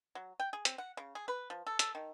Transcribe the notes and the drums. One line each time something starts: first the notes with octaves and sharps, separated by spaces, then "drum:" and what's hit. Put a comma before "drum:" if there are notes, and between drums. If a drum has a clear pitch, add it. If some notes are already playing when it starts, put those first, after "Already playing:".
F#3
G5
G#4
C4, drum: hi-hat
F#5
C#3
G#4
B4
F3
A4
A4, drum: hi-hat
D#3